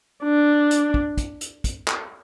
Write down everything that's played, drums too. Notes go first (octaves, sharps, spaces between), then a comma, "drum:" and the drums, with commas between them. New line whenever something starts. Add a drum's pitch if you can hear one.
D4
drum: hi-hat
drum: kick
drum: kick, hi-hat
drum: hi-hat
drum: kick, hi-hat
drum: clap